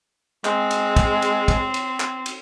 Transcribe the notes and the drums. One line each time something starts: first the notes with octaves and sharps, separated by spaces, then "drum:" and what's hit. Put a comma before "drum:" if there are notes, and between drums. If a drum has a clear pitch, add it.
G#3 C4, drum: clap
drum: cymbal
drum: kick, cymbal
drum: cymbal
drum: kick, cymbal
drum: cymbal
drum: clap
drum: cymbal